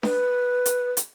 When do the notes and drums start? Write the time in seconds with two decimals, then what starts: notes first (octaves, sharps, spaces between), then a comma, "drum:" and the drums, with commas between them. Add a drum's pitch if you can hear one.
0.03 B4, drum: snare D4
0.66 drum: hi-hat
0.97 drum: hi-hat